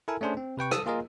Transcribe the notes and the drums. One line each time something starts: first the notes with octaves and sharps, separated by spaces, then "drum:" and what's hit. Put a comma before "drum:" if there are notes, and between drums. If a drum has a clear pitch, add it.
E4 A4 A#4 G#5
A3 C#4 D4 G#4 C5
C4
C3 B4 G5 C#6
A4 A5 D#6 E6, drum: rim click
A#3 F4 G#4 A#4 D#5